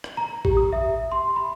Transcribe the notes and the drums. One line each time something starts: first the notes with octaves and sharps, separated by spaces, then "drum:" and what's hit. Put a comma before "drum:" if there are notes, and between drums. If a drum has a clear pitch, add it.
drum: rim click
A#5
G4, drum: kick A1
D#6
E5
C6
B5